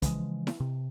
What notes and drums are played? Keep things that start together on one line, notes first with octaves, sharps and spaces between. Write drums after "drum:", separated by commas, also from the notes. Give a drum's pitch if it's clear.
C#3 E3 F3 G#3, drum: kick, hi-hat
drum: snare E4
C3